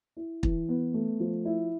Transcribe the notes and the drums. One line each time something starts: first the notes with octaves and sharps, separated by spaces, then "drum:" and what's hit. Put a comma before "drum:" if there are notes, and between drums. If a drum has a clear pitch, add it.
E4
E3, drum: kick
B3
A3
F3
E4